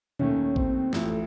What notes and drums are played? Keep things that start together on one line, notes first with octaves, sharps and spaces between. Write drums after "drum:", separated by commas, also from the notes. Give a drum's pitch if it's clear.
D#2 D#3 A3 C#4, drum: tom A#2
C4, drum: kick
A1 A2 F3 A3, drum: snare